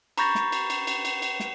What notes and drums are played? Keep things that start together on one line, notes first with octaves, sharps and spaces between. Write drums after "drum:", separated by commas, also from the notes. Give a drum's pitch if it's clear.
A#5 B5 C#6 G6 A6 A#6, drum: cymbal
drum: snare
drum: cymbal
drum: cymbal
drum: cymbal
drum: cymbal
drum: cymbal
drum: snare